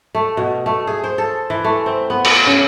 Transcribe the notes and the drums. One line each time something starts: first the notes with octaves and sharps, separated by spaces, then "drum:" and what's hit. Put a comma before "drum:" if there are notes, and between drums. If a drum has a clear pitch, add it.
A3
B2
A3
G#4
C5
A4
E3
A3
C4
B3
F5, drum: cymbal
C#3